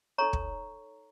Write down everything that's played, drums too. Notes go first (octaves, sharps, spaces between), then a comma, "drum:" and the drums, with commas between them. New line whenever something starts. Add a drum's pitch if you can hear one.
D#4 A4 C#5 A#5 C#6
drum: kick